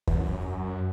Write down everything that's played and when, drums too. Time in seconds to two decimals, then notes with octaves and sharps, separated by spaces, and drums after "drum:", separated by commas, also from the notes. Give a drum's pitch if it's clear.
0.07 E2, drum: kick
0.18 F#2